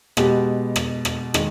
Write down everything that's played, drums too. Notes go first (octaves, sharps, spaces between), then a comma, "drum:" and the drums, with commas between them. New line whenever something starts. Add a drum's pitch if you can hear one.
B2 G#3 B3 G4, drum: rim click
drum: rim click
drum: rim click
D#3 G#3, drum: rim click